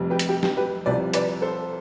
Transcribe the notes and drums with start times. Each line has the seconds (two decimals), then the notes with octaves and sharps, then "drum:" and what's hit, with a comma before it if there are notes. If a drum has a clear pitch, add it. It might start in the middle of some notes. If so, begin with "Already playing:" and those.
Already playing: F1 F2 C3 G3
0.10 G4 B4
0.19 drum: hi-hat
0.29 G4
0.43 G4, drum: snare
0.57 G4 B4
0.86 C2 C3 F3 B4 D5
1.14 B4 D5, drum: hi-hat
1.42 A4 C5